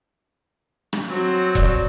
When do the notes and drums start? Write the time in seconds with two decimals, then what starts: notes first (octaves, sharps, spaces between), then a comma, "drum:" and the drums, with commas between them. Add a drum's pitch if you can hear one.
0.93 drum: rim click
1.10 F#3 C4
1.55 D5, drum: kick E1